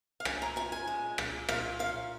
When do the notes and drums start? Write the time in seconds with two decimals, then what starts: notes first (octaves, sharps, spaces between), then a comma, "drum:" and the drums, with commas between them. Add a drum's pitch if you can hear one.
0.20 F5
0.25 C#4 G#5, drum: rim click
0.42 A#5
0.56 A#2 G#5
0.72 G#5
0.87 G#3
1.18 A#2, drum: rim click
1.49 A#2 F5, drum: rim click
1.79 C#4 F5